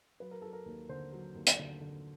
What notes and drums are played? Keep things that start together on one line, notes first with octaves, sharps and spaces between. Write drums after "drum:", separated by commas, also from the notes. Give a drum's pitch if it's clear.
F#3 B4
A#4
F#3 A4
A#4
D#2
D3 C5
F#3
D#2
drum: hi-hat
D3
D3